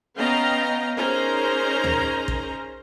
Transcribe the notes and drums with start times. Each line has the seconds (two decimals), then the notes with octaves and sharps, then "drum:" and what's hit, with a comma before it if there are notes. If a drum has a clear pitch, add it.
0.17 B3 C#4 D#5 F5 G5 A#5
0.98 C#4 D#4 G#4 A#4 C5 A#5
1.84 drum: tom D2
2.28 drum: kick